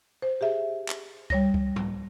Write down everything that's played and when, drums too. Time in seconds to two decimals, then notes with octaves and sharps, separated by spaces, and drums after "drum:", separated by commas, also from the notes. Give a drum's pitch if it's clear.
0.22 C5
0.41 G4 G#4 E5
0.88 drum: clap
1.30 G3 C#5 A#6, drum: kick C#2
1.54 drum: kick C#2
1.76 drum: tom G#2